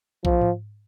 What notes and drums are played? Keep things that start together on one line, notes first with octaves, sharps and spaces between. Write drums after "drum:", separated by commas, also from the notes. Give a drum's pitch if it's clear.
F3, drum: kick B1
drum: tom G#2